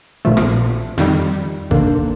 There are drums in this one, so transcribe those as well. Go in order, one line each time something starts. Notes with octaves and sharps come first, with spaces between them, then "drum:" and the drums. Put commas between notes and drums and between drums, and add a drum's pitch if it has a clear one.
A#1 A#2 F3 A3
drum: rim click
F2 D#3 G3, drum: snare
D#3 A#3 D4 A4 C5, drum: kick G#1